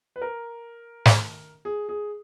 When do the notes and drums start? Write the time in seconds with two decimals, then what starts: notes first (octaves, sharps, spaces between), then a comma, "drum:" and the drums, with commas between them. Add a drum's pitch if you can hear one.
0.16 B4
0.22 A#4
1.05 drum: snare
1.65 G#4
1.89 G#4